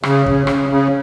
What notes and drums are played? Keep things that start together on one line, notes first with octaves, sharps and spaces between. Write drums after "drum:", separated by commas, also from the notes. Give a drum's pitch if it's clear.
C#3, drum: rim click
C#3, drum: kick
C#3, drum: rim click
C#3